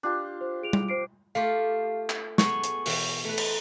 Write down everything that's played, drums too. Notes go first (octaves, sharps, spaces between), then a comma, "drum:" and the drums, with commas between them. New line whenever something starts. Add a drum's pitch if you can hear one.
D4 F4 G4
C5
G#4 D7 F7
drum: tom G3
C5 C7 D7
A3 F4 G4 F5
drum: clap
B3 G#4 A4 C#6, drum: snare
drum: hi-hat
B2 E3 G5, drum: open hi-hat
A3 B4
drum: cymbal